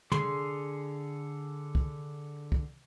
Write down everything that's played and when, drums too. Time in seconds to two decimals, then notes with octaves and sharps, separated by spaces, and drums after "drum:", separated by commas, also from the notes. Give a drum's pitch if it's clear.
0.12 D3 G#4 C6, drum: tom
1.75 drum: kick
2.52 drum: kick